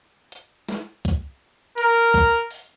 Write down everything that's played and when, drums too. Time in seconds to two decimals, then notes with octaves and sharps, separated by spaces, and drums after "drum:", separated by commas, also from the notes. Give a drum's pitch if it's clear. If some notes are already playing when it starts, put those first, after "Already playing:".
0.32 drum: hi-hat
0.69 drum: snare
1.05 drum: kick, hi-hat
1.78 A#4, drum: hi-hat
2.14 drum: kick, hi-hat
2.51 drum: open hi-hat